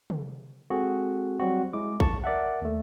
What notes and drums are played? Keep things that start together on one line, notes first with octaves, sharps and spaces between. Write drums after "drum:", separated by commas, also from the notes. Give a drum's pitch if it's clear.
drum: tom
G#3 C4 F#4 G#4 A4
F#3 G3 C4 F#4
G#3 E4 D6
A5 C#6, drum: kick
A#4 D5 E5 F#5
D#2 A3